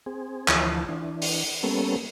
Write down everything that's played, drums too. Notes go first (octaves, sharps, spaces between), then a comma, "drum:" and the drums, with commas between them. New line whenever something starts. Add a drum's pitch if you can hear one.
C4 G#4
D2 E3 F3 A5, drum: clap
E3 D4
drum: open hi-hat
G3 A#3 B3 C#4 A4